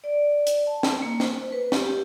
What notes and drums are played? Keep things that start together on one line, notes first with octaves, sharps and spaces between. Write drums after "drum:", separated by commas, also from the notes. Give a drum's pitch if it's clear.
D5
drum: hi-hat
A5
drum: snare
A#3
C5, drum: snare
B4
G4, drum: snare
G4